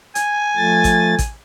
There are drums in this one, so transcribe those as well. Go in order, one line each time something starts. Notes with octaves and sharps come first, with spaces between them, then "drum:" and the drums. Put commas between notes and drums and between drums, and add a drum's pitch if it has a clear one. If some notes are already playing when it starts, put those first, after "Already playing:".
G#5, drum: hi-hat
F3 A3 A6
drum: kick, hi-hat
drum: kick, hi-hat